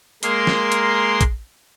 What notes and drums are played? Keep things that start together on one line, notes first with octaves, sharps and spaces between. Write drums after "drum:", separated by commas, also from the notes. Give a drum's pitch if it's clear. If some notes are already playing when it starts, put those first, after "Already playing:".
G#3 A#3 A#4 C6, drum: hi-hat
drum: snare
drum: hi-hat
drum: kick A#1, hi-hat